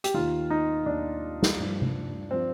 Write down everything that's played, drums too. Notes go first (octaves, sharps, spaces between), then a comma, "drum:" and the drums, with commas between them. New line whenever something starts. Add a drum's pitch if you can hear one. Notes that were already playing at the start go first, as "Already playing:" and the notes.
G4, drum: hi-hat
D#2 D#3 F4
D#4
D#2 D#3 D4
drum: snare
G2 F3
drum: tom C3
F3 C4